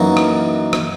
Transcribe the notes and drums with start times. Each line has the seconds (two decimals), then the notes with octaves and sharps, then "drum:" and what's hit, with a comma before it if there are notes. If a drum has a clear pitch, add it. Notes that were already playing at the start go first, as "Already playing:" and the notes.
Already playing: F#2 E3 A#3 D#4 F#4
0.17 drum: rim click
0.73 drum: rim click